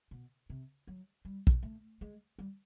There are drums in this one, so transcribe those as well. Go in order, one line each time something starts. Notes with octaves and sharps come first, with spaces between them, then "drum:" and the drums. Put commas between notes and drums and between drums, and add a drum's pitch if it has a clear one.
B2
C3
F#3
G3
drum: kick
A3
G#3
G3